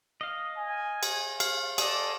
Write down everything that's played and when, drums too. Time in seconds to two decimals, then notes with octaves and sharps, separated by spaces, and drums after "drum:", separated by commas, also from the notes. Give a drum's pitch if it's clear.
0.21 D#5 F5
0.57 G#5
1.03 drum: cymbal
1.40 F5, drum: cymbal
1.78 G#4 A4 D5 D#5, drum: cymbal